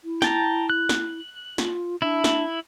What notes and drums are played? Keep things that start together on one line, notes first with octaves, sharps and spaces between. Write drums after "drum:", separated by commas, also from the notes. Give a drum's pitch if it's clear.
E4
G5 A5 A#5, drum: snare
F#6
drum: snare
F4, drum: snare
D4 E4 E5
drum: snare